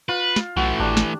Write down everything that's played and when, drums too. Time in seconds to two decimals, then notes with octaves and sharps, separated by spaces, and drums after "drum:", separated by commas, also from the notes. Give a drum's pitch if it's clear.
0.09 F4 B4
0.36 drum: snare
0.56 B1 E3 A3 F#4
0.80 G#1 D4 G4
0.97 drum: snare